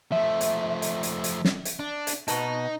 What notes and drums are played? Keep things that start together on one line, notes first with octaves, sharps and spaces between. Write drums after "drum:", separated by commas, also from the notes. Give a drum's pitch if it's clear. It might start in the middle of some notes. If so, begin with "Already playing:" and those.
F3 A3 E5
drum: hi-hat
drum: hi-hat
drum: hi-hat
drum: hi-hat
drum: snare
drum: hi-hat
D4
drum: hi-hat
B2 D#4 B4 A5, drum: hi-hat